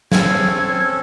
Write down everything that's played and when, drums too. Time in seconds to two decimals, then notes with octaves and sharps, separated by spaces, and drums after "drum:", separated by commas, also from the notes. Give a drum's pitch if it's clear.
0.12 C4 C#4 A4 G#6, drum: snare